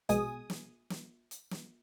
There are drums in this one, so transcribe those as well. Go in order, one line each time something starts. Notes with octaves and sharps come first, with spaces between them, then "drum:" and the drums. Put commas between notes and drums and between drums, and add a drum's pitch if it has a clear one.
A#1 B2 G#3 G#4 G#5 D#6, drum: hi-hat
drum: snare
drum: snare
drum: hi-hat
drum: snare